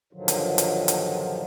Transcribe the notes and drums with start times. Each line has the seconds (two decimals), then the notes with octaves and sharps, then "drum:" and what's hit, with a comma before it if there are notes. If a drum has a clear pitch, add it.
0.13 G2 A#2 D3 D#3 F3 F#3
0.28 drum: hi-hat
0.58 drum: hi-hat
0.88 drum: hi-hat